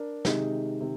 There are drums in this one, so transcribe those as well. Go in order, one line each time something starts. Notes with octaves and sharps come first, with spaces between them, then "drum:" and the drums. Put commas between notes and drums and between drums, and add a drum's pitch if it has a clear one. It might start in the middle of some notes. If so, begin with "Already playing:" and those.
Already playing: D4 A#4
C3 D#3 G#3 D#4, drum: snare
C3 D#3